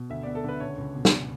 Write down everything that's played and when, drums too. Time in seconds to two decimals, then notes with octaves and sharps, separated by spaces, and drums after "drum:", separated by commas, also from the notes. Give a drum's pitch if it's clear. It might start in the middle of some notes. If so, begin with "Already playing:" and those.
Already playing: B2
0.10 D2 E5
0.23 B3 D5
0.35 A4
0.44 D3 B4
0.60 C#2 C#5
0.78 C#2
0.95 B2
1.05 drum: snare